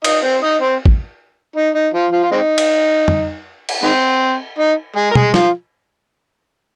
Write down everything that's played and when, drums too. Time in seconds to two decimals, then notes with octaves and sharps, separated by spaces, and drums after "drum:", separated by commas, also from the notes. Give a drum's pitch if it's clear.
0.04 D#4 D#5, drum: cymbal
0.23 C4 C5
0.42 D#4 D#5
0.61 C4 C5
0.86 drum: kick A1
1.56 D#4
1.75 D#4
1.94 F3 F4
2.12 F3 F4
2.23 F4
2.32 G#3 C4 D#4
2.58 drum: cymbal
3.08 drum: tom
3.69 drum: cymbal
3.83 D#3 G#3 C4
4.59 D#4
4.96 G#3 G#4
5.11 A#4
5.15 G#3 G#4, drum: tom
5.34 F3 F4, drum: snare